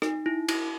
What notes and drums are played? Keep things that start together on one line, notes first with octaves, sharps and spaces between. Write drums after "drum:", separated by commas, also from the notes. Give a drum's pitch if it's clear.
D#4, drum: rim click
E4
E4, drum: cymbal